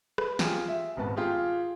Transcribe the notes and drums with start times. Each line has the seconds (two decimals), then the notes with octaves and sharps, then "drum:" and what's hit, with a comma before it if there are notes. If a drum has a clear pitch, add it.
0.18 B4, drum: rim click
0.39 F4 G4 G#4 G#5, drum: snare
0.68 E5
0.97 D#1 G#1 G#2 B3 B4 A5
1.16 F4 G4 G#4 F5